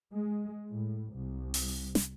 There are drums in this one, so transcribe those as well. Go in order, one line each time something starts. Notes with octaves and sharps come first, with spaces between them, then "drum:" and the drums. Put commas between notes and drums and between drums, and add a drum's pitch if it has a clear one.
G#3
A2
C2
drum: open hi-hat
drum: snare